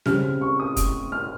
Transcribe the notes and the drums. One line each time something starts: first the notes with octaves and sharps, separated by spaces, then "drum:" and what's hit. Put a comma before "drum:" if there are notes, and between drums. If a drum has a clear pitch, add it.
C#3 G3 C4 F6, drum: snare
C#6
D#6
drum: kick, hi-hat
F6